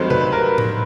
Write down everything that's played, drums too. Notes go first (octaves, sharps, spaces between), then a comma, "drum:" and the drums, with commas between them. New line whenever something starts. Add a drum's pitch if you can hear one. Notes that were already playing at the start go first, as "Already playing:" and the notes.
Already playing: G2 D#3 F#3 A3 C4 C5
B4, drum: tom C3
A#4
drum: tom A2